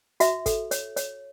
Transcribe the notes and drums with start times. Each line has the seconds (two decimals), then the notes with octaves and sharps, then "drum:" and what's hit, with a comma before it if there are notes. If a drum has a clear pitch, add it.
0.20 F#4 E5, drum: hi-hat
0.46 A4, drum: kick, hi-hat
0.71 C#5, drum: hi-hat
0.97 C#5, drum: hi-hat